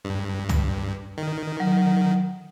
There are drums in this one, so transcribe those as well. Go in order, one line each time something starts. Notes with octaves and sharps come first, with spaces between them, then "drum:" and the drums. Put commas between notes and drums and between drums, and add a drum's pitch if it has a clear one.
G2
drum: tom
D#3
F#3